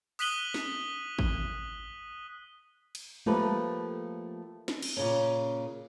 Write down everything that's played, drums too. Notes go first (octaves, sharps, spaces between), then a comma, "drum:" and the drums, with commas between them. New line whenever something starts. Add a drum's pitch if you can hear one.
D#6 F#6 B6 D#7 F#7 G7, drum: open hi-hat
drum: snare
drum: kick
drum: cymbal
F3 A3 A#3 G4 A4 B4, drum: tom G3
drum: snare
drum: cymbal
A#2 C#3 C#4